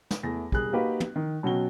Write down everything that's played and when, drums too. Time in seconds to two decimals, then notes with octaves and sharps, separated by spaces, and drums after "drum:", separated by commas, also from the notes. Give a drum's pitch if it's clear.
0.11 drum: snare
0.23 E2 A3 A#6
0.52 E1 G3 G#4 F#6, drum: kick
0.73 A#3 D#4 F#4 G4 B4 F5
1.00 drum: tom
1.16 D#3
1.43 B2 F#3 C#4 F#4 G5 G7